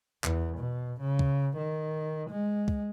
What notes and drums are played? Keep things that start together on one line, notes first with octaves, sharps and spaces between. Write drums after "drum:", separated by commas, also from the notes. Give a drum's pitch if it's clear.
E2, drum: clap
B2
C#3
drum: kick
D#3
G#3
drum: kick